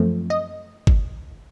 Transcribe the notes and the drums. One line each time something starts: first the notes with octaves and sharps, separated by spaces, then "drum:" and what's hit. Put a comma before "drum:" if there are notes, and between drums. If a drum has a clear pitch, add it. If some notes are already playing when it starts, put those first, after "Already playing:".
Already playing: F#2 F3 A3 C4
D#5
drum: kick